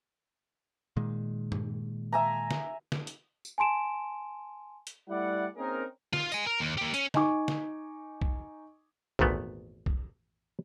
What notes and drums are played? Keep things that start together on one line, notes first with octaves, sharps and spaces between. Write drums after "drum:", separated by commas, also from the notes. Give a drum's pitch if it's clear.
A#2 D#3 G#3
drum: tom
E5 G#5 A#5
drum: snare
drum: snare
drum: hi-hat
drum: tambourine
G#5 A5 C6 D7 E7
drum: hi-hat
G3 A3 E4 D5 F#5
A#3 C4 C#4 D#4 G#4 A#4
F4, drum: snare
D#5 G#5, drum: tambourine
A#4
D#2
A#3 G4
C#4, drum: hi-hat
D#4 G#5 C#6 D6, drum: snare
drum: snare
drum: kick B1
G#1 E2 A#2 A3 B3, drum: kick B1
drum: kick B1